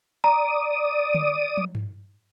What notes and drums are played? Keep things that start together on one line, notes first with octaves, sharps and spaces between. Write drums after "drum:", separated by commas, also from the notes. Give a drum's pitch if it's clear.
D5 A#5 D#6
drum: tom D3
drum: tom
drum: tom G2